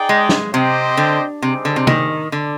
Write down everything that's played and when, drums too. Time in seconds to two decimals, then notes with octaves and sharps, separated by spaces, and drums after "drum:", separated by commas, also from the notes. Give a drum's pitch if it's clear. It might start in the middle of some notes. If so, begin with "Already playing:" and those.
Already playing: D#4 G#4 D5 G5
0.09 G#3
0.29 drum: snare
0.53 C3 C4 G4 C5 D#5 G5
0.97 D3
1.42 C3 G3 C4 D#4 G#4 C5
1.65 D3
1.76 C3
1.87 D#3, drum: tom
2.32 D3